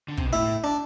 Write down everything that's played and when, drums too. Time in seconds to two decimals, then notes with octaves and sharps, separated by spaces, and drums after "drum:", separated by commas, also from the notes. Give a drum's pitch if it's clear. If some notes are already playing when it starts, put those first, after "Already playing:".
0.08 D3
0.17 C3, drum: kick
0.25 B2
0.33 A2 E4
0.64 D4